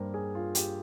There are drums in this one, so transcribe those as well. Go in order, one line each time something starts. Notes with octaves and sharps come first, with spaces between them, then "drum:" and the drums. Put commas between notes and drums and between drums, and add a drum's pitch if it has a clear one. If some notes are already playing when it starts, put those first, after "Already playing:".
Already playing: G2 G3 A#3 A#4 C5
G#4
F4
G4, drum: hi-hat